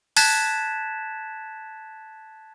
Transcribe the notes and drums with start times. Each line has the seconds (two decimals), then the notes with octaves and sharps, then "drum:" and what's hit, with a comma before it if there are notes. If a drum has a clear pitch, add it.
0.17 A5 F#6 G#6 A6 B6 E7, drum: open hi-hat